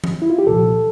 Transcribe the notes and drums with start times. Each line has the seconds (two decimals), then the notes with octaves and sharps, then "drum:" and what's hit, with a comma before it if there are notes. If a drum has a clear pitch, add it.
0.04 drum: tom E3
0.22 E4
0.30 F4
0.38 G4
0.47 C2 A#2 F3 A4